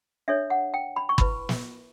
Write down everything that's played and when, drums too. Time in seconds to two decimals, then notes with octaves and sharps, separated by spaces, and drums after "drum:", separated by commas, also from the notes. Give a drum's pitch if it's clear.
0.28 D4 A4 C#5 E5
0.50 F#5
0.74 G5
0.96 B5
1.09 C#6
1.18 E4 B4 B5, drum: kick
1.49 drum: snare